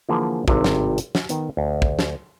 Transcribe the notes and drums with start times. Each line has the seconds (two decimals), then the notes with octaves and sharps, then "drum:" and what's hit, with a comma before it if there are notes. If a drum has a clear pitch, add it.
0.09 D3 E3 F3 A#3 G#4
0.48 G#1 G2 C3, drum: kick
0.64 drum: snare
0.98 drum: hi-hat
1.15 drum: snare
1.29 D#3 B3, drum: hi-hat
1.57 D2
1.82 drum: kick
1.99 drum: snare